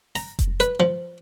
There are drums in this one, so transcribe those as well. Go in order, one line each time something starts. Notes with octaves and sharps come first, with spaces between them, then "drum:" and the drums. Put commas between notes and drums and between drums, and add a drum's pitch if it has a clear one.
A#5, drum: open hi-hat
drum: kick F1, hi-hat
B4, drum: hi-hat
F3